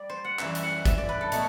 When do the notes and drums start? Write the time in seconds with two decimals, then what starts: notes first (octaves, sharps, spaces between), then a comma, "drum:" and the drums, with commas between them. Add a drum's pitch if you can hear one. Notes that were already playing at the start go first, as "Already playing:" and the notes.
Already playing: G3 D5
0.10 C5
0.24 F#5
0.39 F#2 E3 G3 E5, drum: clap
0.55 E5, drum: hi-hat
0.63 F#5
0.85 E5, drum: kick, hi-hat
0.98 D5
1.09 B4
1.21 A4
1.32 B2 F#3 A3, drum: hi-hat